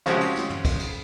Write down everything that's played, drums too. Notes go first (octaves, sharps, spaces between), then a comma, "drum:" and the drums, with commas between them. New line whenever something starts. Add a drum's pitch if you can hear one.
C#3 F3 G#3 C4 F#4 G4, drum: snare
drum: cymbal
drum: snare
drum: tom
drum: kick, cymbal
drum: cymbal